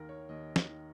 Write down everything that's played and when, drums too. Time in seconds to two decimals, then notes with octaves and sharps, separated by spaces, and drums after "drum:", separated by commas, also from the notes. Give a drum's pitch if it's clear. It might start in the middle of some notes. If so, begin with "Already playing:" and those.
Already playing: D#2 D#3 A#4
0.09 C#5
0.29 D#2 D#5
0.56 drum: snare
0.69 D#3